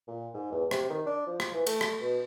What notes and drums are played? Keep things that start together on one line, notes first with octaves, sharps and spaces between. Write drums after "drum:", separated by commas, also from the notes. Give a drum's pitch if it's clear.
A#2
G#2
E2
C3, drum: rim click
D#3
D4
F3
drum: rim click
E3
A3, drum: cymbal
drum: rim click
B2